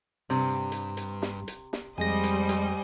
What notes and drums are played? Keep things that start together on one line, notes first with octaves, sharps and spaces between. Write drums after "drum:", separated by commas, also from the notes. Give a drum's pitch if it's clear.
G2 C3
drum: hi-hat
drum: hi-hat
drum: snare
drum: hi-hat
drum: snare
F2 G3 G#3 C5 D#5 G#5 A#6
drum: hi-hat
drum: hi-hat